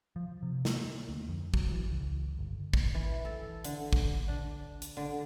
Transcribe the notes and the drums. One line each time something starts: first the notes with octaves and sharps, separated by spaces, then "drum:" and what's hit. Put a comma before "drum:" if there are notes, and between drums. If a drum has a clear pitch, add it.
F3
C3
A#3, drum: snare
D2
F2
F#3, drum: kick
E3
C#2
G1
drum: kick
E3
A4
D3, drum: hi-hat
drum: kick
D4
drum: hi-hat
D3